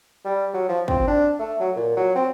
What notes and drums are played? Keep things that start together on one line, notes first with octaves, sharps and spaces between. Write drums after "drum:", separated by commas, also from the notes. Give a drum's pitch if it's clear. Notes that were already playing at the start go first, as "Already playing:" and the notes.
G3
F#3
F3
C4, drum: kick
D4
A3
F#3
A#2
F#3
C4